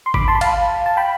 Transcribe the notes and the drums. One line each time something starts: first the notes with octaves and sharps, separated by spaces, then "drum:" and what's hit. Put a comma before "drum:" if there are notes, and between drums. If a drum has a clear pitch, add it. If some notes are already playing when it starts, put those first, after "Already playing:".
C6
B5 D6, drum: kick G#1
A5 C6
B5
F5 A5, drum: cymbal
A5
G5 B5